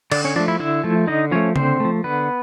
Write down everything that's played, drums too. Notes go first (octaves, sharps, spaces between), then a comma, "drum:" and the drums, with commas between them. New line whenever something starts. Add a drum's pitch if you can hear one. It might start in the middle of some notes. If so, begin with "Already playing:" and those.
D3 D4 D5, drum: cymbal
C#4 C#5
F3 A3 D4 D5
E4 E5
D3 E4 E5
F3 A3
D3 D#4 D#5
F3 A3 C#4 C#5
D3 C4 C5, drum: tom C#3
F3 A3
D3 B3 B4